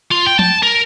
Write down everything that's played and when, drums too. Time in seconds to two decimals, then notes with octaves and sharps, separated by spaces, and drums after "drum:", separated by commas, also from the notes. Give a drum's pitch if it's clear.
0.11 F4
0.26 G5
0.39 A5, drum: tom
0.63 A#4